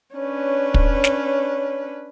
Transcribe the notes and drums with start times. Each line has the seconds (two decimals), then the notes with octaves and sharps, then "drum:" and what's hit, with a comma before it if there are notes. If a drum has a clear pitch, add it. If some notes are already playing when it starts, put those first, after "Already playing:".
0.16 C#4 D4 B4 C#5
0.74 drum: kick
1.04 drum: snare